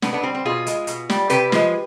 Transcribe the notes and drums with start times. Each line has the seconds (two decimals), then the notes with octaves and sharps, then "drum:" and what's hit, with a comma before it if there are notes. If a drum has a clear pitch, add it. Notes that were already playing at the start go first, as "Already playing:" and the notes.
0.02 C3 B3 D4, drum: snare
0.13 B3 D4
0.23 G3 C4
0.35 C4
0.45 B2 F4 G#4
0.67 G#3, drum: hi-hat
0.87 B2, drum: hi-hat
1.10 G3, drum: snare
1.30 C3 G4 B4, drum: hi-hat
1.52 F3 G#3, drum: snare